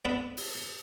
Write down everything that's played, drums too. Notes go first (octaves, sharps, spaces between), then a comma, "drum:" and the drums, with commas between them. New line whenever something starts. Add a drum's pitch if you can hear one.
B3 D4 A4 B4
drum: open hi-hat